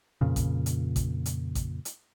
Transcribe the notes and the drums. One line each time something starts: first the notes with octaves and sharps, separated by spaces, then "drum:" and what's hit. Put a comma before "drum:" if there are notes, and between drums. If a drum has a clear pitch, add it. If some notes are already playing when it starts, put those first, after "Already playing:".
F2 A#2 C#3
drum: kick A1, hi-hat
drum: hi-hat
drum: kick A1, hi-hat
drum: hi-hat
drum: kick A1, hi-hat
drum: hi-hat